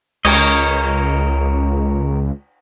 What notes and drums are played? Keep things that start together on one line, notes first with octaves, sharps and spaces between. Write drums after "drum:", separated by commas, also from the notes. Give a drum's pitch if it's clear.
C#2 A#4 C#5 D#5, drum: cymbal